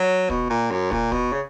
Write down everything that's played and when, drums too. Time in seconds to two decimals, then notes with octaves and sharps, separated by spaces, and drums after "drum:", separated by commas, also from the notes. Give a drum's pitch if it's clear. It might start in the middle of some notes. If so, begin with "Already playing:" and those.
Already playing: F#3
0.30 B2, drum: kick
0.50 A#2
0.71 F#2
0.92 A#2, drum: kick
1.12 B2, drum: kick
1.32 C#3